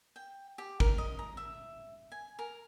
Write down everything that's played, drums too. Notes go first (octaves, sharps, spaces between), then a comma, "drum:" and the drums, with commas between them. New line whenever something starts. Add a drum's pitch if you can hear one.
G5
G4
A#4, drum: kick
D#5
A#5
E5
G#5
A#4